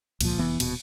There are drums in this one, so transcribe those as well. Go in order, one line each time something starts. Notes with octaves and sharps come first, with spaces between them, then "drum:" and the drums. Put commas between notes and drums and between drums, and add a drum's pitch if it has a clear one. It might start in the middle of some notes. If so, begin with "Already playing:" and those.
C#2 A#2 F3, drum: cymbal
F1 E3 B3
D#1 B2, drum: cymbal